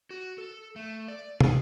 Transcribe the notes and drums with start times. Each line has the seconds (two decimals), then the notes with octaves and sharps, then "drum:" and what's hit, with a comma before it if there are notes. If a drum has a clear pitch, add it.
0.11 F#4
0.38 A4
0.76 A3
1.08 D5
1.41 G#4, drum: tom